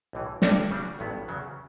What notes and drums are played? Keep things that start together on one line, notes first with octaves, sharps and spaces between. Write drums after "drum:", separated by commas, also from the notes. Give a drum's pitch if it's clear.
B1 A2 E3
G1 G2 E3 G3 D4, drum: snare
C#3 G3 D4 F#4
A1 G2 F#3 B3
E2 C#3 F#3